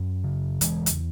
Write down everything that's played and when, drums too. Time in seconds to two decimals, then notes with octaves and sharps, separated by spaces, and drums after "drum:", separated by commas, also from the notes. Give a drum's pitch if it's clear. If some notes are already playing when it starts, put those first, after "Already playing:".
Already playing: F#2
0.24 C#3
0.61 E2 E3 G#3, drum: hi-hat
0.86 drum: hi-hat